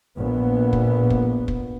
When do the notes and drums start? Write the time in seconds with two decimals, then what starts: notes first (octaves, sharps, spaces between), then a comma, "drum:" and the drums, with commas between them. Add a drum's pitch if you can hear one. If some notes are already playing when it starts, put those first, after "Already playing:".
0.16 A#1 B3
0.73 drum: kick
1.10 drum: kick
1.48 drum: kick